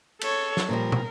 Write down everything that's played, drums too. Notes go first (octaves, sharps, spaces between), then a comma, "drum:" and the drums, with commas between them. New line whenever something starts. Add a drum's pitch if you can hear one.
A4 C#5, drum: cymbal
drum: snare
A#2 F3 G3 A#4
drum: tom